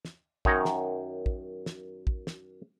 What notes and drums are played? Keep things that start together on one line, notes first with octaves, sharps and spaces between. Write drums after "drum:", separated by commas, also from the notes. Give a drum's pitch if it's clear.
drum: snare
F#2 D#3 D#4 C#5 A#5, drum: kick
drum: snare
drum: kick
drum: snare
drum: kick
drum: snare